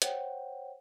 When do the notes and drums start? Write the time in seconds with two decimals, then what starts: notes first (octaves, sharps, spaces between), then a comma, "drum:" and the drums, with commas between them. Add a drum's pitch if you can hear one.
0.02 C5 C#5 F#5 G5, drum: hi-hat